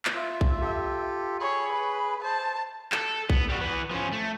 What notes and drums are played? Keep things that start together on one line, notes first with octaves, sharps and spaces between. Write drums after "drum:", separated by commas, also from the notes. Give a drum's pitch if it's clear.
drum: clap
F4 E5
drum: kick A#1
F4 G4 A4
G#4 C#5 B5
B4
C5 A5
A4, drum: clap
B3, drum: kick A#1
G3 F#4
E3 B3
F3 C#4
A3